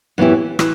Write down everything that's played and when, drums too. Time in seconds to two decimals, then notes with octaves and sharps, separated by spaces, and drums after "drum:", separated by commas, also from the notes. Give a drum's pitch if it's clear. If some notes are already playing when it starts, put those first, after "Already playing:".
0.18 F#2 E3 B3 E4 G4
0.59 E3, drum: rim click